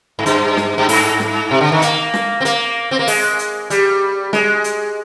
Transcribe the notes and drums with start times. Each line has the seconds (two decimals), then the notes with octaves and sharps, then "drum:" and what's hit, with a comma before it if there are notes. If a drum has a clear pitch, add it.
0.19 G#2
0.26 G2, drum: hi-hat
0.57 drum: snare
0.78 G2
0.89 G#2, drum: open hi-hat
1.20 drum: snare
1.51 C3
1.61 D3
1.72 D#3
1.82 A#3, drum: hi-hat
2.14 drum: snare
2.41 C4
2.45 A#3, drum: hi-hat
2.91 C4
2.99 A#3
3.08 G#3, drum: open hi-hat
3.39 drum: hi-hat
3.70 G3, drum: hi-hat
4.33 G#3, drum: snare
4.64 drum: hi-hat